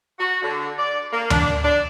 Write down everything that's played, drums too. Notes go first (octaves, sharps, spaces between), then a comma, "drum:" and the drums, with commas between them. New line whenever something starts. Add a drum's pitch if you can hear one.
F#4
D3
D5
A#3
D4, drum: tom D2
D4